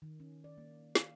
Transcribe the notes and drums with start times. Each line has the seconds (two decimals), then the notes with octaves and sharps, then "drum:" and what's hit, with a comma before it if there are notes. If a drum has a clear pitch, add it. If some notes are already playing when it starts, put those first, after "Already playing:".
0.02 D#3
0.20 C#4
0.44 D5
0.58 A#3
0.95 F5, drum: snare